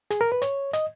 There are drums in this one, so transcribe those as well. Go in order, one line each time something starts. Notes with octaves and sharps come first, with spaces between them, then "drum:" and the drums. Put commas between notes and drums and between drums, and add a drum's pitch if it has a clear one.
G#4, drum: hi-hat
A#4
B4
C#5, drum: hi-hat
D#5, drum: hi-hat